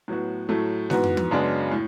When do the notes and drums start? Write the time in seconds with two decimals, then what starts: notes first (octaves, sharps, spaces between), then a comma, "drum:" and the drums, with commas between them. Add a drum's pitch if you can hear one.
0.08 A2 F#3 B3 F#4
0.49 A2 F#3 A3
0.90 G#2 E3 B3 F#4, drum: snare G#3
1.03 drum: tom
1.17 drum: tom
1.31 F#2 C#3 G#3 B3 D4
1.72 A2